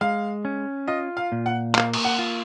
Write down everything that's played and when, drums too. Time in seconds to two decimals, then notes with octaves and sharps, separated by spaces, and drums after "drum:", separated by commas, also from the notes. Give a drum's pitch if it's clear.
0.01 G#3 F5
0.45 C#4
0.88 F4 D#5
1.17 F5
1.32 A#2
1.46 F#5
1.75 A#3 F5, drum: clap
1.94 drum: cymbal
2.05 F#5
2.19 F4